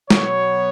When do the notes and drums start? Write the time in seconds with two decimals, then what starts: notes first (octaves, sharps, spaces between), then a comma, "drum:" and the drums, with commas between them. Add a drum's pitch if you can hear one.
0.10 B2 F#3 B3 C#5, drum: snare